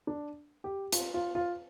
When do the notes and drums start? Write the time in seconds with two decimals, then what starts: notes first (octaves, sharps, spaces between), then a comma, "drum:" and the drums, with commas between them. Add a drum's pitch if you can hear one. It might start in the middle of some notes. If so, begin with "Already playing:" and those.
0.07 D4
0.64 G4
0.92 F4, drum: hi-hat
1.14 F4
1.35 F4